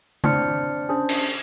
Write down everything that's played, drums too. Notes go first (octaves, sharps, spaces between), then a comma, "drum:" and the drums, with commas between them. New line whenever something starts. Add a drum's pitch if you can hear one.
C4 D4 C5 D5 F6 C#7, drum: tom C#3
C#4 D4 G#4 C5
drum: cymbal